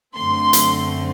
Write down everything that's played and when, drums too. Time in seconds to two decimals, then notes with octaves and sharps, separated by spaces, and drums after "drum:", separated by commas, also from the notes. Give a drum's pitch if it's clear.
0.15 F#2 D3 A3 C4 C6
0.53 drum: hi-hat